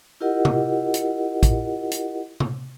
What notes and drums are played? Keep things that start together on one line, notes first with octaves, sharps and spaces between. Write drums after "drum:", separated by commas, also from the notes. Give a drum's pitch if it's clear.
E4 F4 G4 A#4 D#5 F#5
drum: tom C3
drum: hi-hat
drum: kick, hi-hat
drum: hi-hat
drum: tom C3